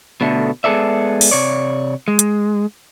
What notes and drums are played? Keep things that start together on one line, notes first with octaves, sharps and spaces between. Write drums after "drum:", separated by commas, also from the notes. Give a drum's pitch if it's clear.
B2 D3 A3
G#3 B3 G#4 A4 D5 E5
drum: open hi-hat
C3 C#5 D5
G#3
drum: hi-hat